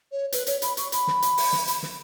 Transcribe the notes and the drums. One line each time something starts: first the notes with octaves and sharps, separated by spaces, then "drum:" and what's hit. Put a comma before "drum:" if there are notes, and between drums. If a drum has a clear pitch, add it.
C#5
B4, drum: hi-hat
C#5, drum: hi-hat
B5, drum: hi-hat
C#6, drum: hi-hat
B5, drum: hi-hat
drum: snare
drum: hi-hat
drum: open hi-hat
drum: snare
drum: hi-hat
drum: snare